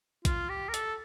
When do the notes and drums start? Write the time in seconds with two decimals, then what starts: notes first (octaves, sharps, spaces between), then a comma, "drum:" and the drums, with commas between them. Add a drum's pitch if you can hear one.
0.25 F4, drum: kick A#1, hi-hat
0.49 G4
0.69 A#4
0.74 A4, drum: hi-hat